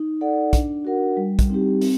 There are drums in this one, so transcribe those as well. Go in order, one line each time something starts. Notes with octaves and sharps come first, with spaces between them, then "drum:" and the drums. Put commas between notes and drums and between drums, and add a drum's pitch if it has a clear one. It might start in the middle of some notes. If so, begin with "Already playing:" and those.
Already playing: D#4
A4 D5 F#5
D4, drum: kick, hi-hat
F#4 A#4 F#5
G3
drum: kick, hi-hat
C4 D#4 G4
C4, drum: open hi-hat